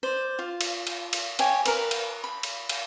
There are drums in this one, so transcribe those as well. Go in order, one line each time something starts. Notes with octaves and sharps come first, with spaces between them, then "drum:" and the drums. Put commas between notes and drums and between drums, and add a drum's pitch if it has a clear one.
C5 D5
F4
drum: cymbal
drum: cymbal
drum: cymbal
G4 C#5 G#5, drum: cymbal
A#4 B4, drum: cymbal
drum: cymbal
B5
drum: cymbal
drum: cymbal